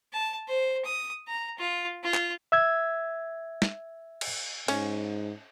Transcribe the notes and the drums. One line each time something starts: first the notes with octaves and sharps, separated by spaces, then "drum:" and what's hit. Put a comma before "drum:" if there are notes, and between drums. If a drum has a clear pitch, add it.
A5
C5
D#6
A#5
F4
F4
drum: clap
E5 E6 G#6
drum: snare
drum: cymbal
G#2 C#4, drum: cymbal